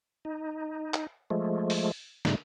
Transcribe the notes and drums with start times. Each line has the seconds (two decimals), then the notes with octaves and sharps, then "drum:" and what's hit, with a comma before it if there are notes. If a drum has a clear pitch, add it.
0.25 D#4
0.94 drum: clap
1.30 F3 G#3 A3
1.70 drum: open hi-hat
2.25 G#2 C#3 G3 A3 D#4, drum: snare